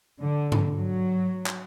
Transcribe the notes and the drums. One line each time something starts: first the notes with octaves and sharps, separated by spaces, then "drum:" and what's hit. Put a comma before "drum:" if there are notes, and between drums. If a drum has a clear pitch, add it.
D3
drum: tom G2
F#3
drum: clap